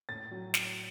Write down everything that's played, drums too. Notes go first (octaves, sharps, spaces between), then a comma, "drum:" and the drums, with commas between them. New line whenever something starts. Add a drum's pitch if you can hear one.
A2 A6
F#3
drum: snare